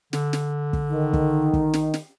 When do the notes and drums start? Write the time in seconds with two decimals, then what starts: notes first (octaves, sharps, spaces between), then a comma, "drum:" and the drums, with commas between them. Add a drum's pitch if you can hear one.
0.13 D3, drum: snare
0.33 drum: snare
0.73 drum: kick
0.92 D#3
1.13 drum: kick
1.53 drum: kick
1.74 drum: snare
1.94 drum: snare